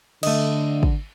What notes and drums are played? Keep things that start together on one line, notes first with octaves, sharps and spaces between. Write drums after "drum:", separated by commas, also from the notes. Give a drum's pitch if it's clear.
D3 A3 D#5, drum: cymbal
drum: kick